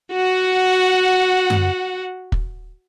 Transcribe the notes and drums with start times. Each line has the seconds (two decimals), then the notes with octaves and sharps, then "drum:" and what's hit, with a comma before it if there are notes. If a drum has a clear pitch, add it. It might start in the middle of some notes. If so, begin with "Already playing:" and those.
0.13 F#4 F#5
1.50 drum: tom F#2
2.32 drum: kick